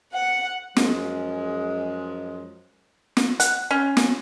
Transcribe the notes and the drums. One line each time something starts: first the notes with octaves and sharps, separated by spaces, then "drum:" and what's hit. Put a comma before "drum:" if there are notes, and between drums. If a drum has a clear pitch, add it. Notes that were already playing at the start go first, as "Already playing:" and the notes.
F#5
F#2 F3 G#3, drum: snare
drum: snare
F#5, drum: hi-hat
C#4
drum: snare